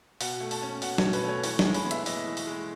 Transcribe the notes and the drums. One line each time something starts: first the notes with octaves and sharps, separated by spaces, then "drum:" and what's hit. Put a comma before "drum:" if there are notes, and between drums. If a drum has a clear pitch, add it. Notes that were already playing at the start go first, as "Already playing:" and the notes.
B2 F#5, drum: open hi-hat
A3
A5, drum: open hi-hat
C#4
B2 F#5, drum: open hi-hat
B2 C#5, drum: snare
B4, drum: open hi-hat
A3 C#5
E3 C#5, drum: open hi-hat
G#5, drum: snare
G#3
B5, drum: open hi-hat
B3
E5, drum: hi-hat
E3 D#5, drum: open hi-hat
E3
drum: open hi-hat
G#3